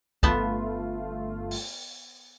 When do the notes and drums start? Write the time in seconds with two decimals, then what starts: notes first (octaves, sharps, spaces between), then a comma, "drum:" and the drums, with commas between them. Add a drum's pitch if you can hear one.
0.23 G1 A3 B3 F4 A5, drum: kick
1.51 drum: open hi-hat